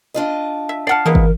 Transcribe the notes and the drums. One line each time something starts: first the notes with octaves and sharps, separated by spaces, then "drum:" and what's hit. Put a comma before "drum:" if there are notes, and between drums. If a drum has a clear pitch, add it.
D4 F4 D#5
E5
D5 F#5 A5 F6 C7
E3 G#3 A#3 B3 A#4
drum: kick